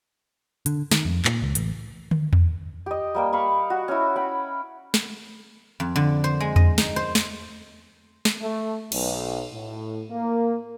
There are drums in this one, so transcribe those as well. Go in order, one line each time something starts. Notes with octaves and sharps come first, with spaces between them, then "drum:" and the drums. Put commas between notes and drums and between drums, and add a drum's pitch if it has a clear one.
D3, drum: hi-hat
D#3, drum: snare
F2
A#2, drum: clap
C#2
A1, drum: hi-hat
drum: tom
drum: tom E2
G4 D#5
G3 A#3 G5
F5 B5 C#6
F#4
C#4 E4
G5 B5
drum: snare
F2
D3
C5
G#3
D#5, drum: tom E2
D#4, drum: snare
C5
drum: snare
drum: snare
A3
B1, drum: cymbal
A2
A#3